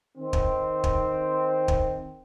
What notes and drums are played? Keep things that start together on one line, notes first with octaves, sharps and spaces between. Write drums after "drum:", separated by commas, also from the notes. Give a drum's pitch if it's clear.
D#3 C4
drum: kick
drum: kick
drum: kick